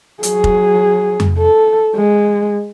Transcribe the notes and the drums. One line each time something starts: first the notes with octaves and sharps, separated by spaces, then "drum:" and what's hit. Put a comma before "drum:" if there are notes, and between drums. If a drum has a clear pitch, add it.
F#3 G#4, drum: hi-hat
drum: kick F1
drum: tom F2
A4
G#3